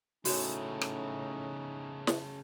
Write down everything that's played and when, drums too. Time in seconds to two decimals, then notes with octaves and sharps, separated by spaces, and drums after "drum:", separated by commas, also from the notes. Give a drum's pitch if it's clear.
0.25 A2 C#3 A3 C#4 D#4 F#4 C#5, drum: open hi-hat
0.81 drum: rim click
2.07 drum: snare